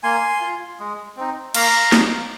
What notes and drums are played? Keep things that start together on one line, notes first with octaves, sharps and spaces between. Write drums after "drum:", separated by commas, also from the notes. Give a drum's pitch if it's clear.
A#3 G#5 C6
F4
G#3
C4 D#4
A#3 F5 A#5, drum: cymbal
D#4, drum: snare